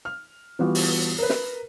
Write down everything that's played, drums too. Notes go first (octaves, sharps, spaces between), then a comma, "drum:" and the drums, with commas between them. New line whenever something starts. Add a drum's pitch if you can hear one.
F6
E3 G3 B3 F4 F#4
drum: open hi-hat
A#4 B4
drum: snare